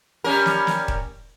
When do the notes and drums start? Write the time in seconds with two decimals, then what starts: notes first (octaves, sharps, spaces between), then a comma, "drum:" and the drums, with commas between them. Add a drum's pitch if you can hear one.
0.24 G3 C#4 A#4
0.46 drum: snare
0.67 drum: snare
0.88 drum: kick